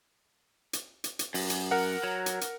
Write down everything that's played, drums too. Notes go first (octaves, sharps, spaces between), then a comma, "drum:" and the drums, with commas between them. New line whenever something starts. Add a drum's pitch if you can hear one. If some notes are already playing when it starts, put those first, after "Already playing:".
drum: hi-hat
drum: hi-hat
drum: hi-hat
F#2, drum: open hi-hat
drum: hi-hat
A#4 F#5
F#3
drum: hi-hat
drum: hi-hat